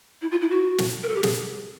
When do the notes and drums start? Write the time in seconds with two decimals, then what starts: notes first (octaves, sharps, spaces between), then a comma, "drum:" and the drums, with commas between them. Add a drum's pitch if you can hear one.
0.22 E4
0.31 F4
0.41 E4
0.50 F#4
0.78 drum: snare
1.03 A#4
1.08 A4
1.16 G4
1.23 G#4, drum: snare